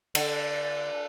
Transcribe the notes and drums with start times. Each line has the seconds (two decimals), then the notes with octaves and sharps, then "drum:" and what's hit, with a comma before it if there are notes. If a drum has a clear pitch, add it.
0.15 D3, drum: cymbal